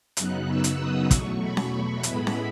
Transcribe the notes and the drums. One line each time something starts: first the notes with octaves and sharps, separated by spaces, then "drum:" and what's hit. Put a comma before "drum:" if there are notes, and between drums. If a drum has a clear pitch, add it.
F#2 C#3 F#3 B3 D#4 F#6, drum: hi-hat
E6
drum: hi-hat
D#6
E2 B2 F#3 A3 C#6, drum: kick, hi-hat
B5
drum: snare C#4
C#6
A2 G#3 B3 E4 B5, drum: hi-hat
drum: snare C#4